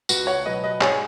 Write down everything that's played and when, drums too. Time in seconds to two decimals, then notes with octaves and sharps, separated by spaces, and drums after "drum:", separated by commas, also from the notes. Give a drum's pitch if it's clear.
0.09 C#2 F#4 B4, drum: tambourine
0.27 C#5 F#5
0.46 B2 F#3 B4 D#5
0.64 B4 D#5
0.81 G#2 G#4 C#5, drum: clap